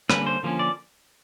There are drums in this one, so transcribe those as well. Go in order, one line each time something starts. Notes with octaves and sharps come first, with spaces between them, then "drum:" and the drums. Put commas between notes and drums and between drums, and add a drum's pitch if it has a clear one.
D3 G3 A#3 C#4 B4, drum: rim click
C5
D3 F3 A#3 C#4
D5